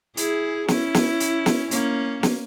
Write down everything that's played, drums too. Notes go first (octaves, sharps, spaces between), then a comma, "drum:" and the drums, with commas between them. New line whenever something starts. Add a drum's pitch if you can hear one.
E4 G#4, drum: hi-hat
C#4 E4, drum: snare
drum: snare
drum: hi-hat
drum: snare
A#3 C#4, drum: hi-hat
drum: snare